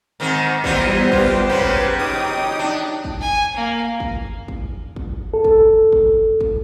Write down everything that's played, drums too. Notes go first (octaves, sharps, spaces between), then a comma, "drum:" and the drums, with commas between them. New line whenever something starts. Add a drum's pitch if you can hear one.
G#2 D#3 C4
E3 G3 B3 D#4 F4 C5, drum: kick
F4 G4, drum: kick
C#3 F#3 B4
drum: kick
D#4 G5 D#6
D4
drum: kick
G#5
A#3
drum: kick
drum: kick
drum: kick
A4
drum: kick
drum: kick
drum: kick